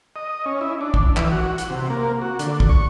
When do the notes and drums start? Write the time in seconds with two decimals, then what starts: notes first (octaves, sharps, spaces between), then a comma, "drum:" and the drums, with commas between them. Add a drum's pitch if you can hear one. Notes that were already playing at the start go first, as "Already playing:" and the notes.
0.16 D#5
0.45 C#4
0.61 E4
0.81 D4
0.94 drum: kick
1.17 E3, drum: clap
1.32 F#4
1.58 F#5, drum: hi-hat
1.70 C3
1.90 A#3
2.22 F#4
2.39 D3, drum: hi-hat
2.60 drum: kick
2.69 C#6